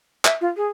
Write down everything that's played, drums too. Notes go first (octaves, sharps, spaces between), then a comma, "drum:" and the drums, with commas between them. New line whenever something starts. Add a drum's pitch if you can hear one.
E5, drum: clap
F4
G#4